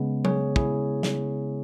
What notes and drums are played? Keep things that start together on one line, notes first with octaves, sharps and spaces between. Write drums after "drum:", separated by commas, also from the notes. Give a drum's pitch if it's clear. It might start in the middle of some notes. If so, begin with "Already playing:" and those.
Already playing: C#3 G#3 B3
G#4 C#5, drum: tom F#3
E4 G#4, drum: kick
drum: snare